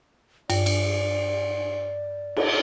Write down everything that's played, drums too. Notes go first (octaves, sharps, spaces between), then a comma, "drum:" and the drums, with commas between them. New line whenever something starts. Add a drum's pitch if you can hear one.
G2 D5, drum: cymbal
drum: cymbal
drum: cymbal